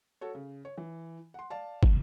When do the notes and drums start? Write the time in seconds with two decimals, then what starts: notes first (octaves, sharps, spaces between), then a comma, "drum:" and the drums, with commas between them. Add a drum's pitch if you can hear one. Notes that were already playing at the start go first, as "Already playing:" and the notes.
0.21 F#4 A4 C#5
0.35 C#3
0.65 C#5
0.78 E3
1.34 F#5 C6
1.50 D5 F5 A5
1.83 drum: kick